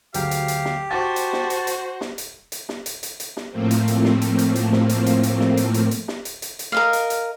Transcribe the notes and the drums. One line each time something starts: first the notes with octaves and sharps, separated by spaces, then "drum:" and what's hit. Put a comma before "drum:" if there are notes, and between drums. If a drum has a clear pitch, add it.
D2 F#3 G4 G#4 F5, drum: hi-hat
drum: hi-hat
drum: hi-hat
drum: snare
F#4 C5 A5 C#6 A6
drum: hi-hat
drum: snare
drum: hi-hat
drum: hi-hat
drum: snare
drum: hi-hat
drum: hi-hat
drum: snare
drum: hi-hat
drum: hi-hat
drum: hi-hat
drum: snare
A2 F3 A3 A#3 C4
drum: hi-hat
drum: hi-hat
drum: snare
drum: hi-hat
drum: hi-hat
drum: hi-hat
drum: snare
drum: hi-hat
drum: hi-hat
drum: hi-hat
drum: snare
drum: hi-hat
drum: hi-hat
drum: hi-hat
drum: snare
drum: hi-hat
drum: hi-hat
drum: hi-hat
A#4 D#5 F5
drum: hi-hat
drum: hi-hat